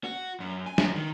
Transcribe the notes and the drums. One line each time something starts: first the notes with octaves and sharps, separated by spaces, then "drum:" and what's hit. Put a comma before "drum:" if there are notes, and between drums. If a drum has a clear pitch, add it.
F#4
F#2
G#5
F#2, drum: snare
D#3